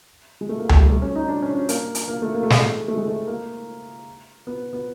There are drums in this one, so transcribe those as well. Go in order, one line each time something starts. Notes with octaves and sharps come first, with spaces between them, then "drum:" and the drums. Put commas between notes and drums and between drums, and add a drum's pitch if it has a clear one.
G#3
A3
A#3
A3, drum: tom C#2
G3
A3
C#4
D#4
D4
C#4
C#4
A#3, drum: hi-hat
drum: hi-hat
A#3
A3
A#3
A3
G#3, drum: snare
A3
A3
G#3
A3
A#3
B3
B3